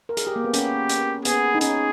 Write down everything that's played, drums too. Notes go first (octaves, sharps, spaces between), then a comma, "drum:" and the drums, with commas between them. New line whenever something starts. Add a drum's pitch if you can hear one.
A#4
G#4, drum: hi-hat
G4
A#3
B3
C#4 G4, drum: hi-hat
drum: hi-hat
B3 G#4, drum: hi-hat
D#4
C#4 G#4, drum: hi-hat